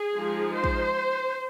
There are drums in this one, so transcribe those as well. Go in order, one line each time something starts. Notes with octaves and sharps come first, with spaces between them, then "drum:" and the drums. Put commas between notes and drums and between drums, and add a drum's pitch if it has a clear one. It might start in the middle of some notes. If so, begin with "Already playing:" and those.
Already playing: G#4
F3 G#3 D#4
C5
drum: kick